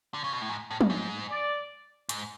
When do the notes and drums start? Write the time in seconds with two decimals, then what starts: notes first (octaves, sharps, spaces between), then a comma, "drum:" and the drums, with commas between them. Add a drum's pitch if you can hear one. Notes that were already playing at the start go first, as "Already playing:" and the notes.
0.14 D3
0.24 C#3
0.33 B2
0.42 A2
0.49 G#2
0.71 A2
0.81 drum: tom
0.90 G#2
1.30 D5
2.09 G#2, drum: hi-hat